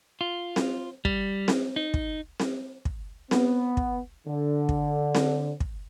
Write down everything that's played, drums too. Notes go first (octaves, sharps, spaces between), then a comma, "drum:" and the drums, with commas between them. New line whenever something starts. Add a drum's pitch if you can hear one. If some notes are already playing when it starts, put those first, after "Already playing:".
F4
drum: snare C4
G3, drum: kick
drum: snare C4
D#4
drum: kick
drum: snare C4
drum: kick
B3, drum: snare C4
drum: kick
D3
drum: kick
drum: snare C4
drum: kick